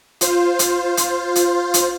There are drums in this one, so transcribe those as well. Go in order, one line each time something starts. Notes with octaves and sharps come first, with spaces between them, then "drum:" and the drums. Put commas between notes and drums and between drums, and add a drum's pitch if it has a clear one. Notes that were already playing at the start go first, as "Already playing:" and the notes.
F4 C5, drum: hi-hat
drum: hi-hat
drum: hi-hat
drum: hi-hat
drum: hi-hat